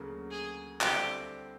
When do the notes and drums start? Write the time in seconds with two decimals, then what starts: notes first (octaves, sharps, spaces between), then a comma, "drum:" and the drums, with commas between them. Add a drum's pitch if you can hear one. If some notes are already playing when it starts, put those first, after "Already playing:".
Already playing: D2 C#3 F#3 A#3
0.31 G#4
0.81 D3 G3 C4 E4 G4, drum: clap